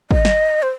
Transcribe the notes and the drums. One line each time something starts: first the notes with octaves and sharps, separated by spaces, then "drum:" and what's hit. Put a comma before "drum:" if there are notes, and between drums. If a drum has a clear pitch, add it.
D#5, drum: kick
drum: snare
C5